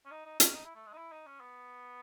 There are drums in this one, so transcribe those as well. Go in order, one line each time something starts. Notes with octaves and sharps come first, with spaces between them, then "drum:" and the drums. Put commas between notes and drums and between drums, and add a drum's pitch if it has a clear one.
C#4
D#4
D#4
C#4, drum: hi-hat
D#4
E4
A3
G#3
D#4
E4
D#4
C#4
B3